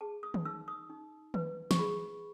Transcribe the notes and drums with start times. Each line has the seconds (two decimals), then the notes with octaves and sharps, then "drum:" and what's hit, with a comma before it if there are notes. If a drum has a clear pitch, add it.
0.01 G#4 A5
0.23 D#6
0.34 drum: tom D#3
0.45 D#4 E6
0.68 D#6
0.90 D#4
1.34 B4, drum: tom D#3
1.71 C#6, drum: snare
1.79 G#4 B5